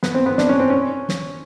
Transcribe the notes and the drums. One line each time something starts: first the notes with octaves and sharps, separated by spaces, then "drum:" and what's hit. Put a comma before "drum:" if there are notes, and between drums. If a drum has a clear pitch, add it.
B3, drum: snare
C4
B3
D4, drum: snare
C#4
C4
C#4
drum: snare